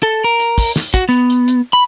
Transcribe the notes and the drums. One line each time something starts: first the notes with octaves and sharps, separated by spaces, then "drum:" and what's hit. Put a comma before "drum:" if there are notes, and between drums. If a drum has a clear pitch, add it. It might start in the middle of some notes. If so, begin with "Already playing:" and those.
A4
A#4
drum: hi-hat
drum: kick, open hi-hat
drum: snare
F#4, drum: kick, hi-hat
B3
drum: hi-hat
drum: hi-hat
B5